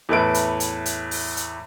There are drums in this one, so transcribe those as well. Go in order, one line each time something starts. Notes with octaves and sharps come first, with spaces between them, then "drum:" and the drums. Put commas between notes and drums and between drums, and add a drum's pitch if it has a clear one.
E2 A2 A4 B4 E5 D7
drum: hi-hat
drum: hi-hat
drum: hi-hat
drum: open hi-hat
drum: hi-hat